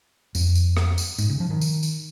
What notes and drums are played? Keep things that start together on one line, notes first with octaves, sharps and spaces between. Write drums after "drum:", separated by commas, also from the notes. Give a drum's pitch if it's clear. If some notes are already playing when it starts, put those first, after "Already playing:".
F2, drum: tambourine
drum: tambourine
drum: rim click
drum: tambourine
G#2, drum: tambourine
C#3
F3
D#3
drum: tambourine
drum: tambourine